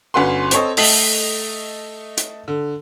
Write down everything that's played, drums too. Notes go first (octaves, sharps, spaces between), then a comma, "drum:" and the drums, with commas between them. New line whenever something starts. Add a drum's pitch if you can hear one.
G1 C#4 F#4 B4 C6
C4 A4 C#5 D#5, drum: hi-hat
A3 A4 D#5 B6 C7 F#7, drum: open hi-hat
drum: hi-hat
D3